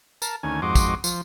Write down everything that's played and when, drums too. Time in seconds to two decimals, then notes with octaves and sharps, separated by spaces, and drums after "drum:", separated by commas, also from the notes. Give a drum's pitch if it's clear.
0.22 A#4 A5, drum: tambourine
0.43 D2 D#3 C#4 G#5
0.62 F2 G#2 F#4 D#5 C6 D6
0.75 drum: kick, tambourine
1.04 F3, drum: tambourine